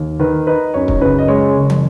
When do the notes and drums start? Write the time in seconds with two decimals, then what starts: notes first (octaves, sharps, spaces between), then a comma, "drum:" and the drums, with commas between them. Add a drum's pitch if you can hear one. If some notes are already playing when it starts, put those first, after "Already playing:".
Already playing: D#2
0.19 D#3 B4
0.47 D#4 B4
0.74 F#2 C#5
0.88 drum: kick
1.01 C#3 B4
1.19 D#5
1.28 G#3 C#5
1.56 F#1
1.70 drum: tom